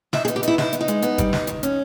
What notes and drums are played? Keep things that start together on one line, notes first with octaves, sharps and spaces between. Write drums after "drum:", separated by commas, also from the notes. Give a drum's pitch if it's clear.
D#4 E5, drum: snare
G#4
B3, drum: hi-hat
G4
D#4 E4, drum: hi-hat
D#4 E4, drum: snare
B3, drum: hi-hat
D#4
G#3, drum: hi-hat
B3, drum: hi-hat
G3, drum: kick G1, hi-hat
D#4, drum: snare
D#3, drum: hi-hat
C#4, drum: hi-hat